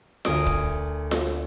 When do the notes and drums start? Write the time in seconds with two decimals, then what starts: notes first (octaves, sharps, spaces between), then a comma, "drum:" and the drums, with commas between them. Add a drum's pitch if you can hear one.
0.25 D2 A#4 G#5 D#6 D7, drum: snare F4
0.46 drum: kick
1.11 drum: snare F4